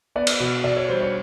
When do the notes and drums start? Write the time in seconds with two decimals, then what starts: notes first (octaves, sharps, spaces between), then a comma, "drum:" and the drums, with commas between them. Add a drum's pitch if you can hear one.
0.16 B3 D5
0.27 drum: cymbal
0.40 B2
0.64 B2 D5
0.77 C#5
0.89 G3 C5
1.01 C#5